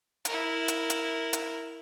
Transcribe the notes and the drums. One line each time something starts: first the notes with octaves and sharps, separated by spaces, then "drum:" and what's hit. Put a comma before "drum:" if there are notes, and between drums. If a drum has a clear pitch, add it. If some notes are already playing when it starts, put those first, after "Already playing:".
E4 A#4, drum: hi-hat
drum: hi-hat
drum: hi-hat
drum: hi-hat